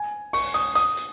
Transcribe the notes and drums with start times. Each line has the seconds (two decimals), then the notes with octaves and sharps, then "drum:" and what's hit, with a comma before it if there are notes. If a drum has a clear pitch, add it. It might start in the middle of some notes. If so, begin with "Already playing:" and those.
Already playing: G#5
0.33 C#6, drum: open hi-hat
0.54 D#6, drum: hi-hat
0.75 D#6, drum: hi-hat
0.97 drum: hi-hat